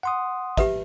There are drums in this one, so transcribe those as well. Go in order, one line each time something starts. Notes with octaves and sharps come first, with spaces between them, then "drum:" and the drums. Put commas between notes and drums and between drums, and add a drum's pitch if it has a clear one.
F#5 C6 D#6
G4 B4 E5, drum: kick, hi-hat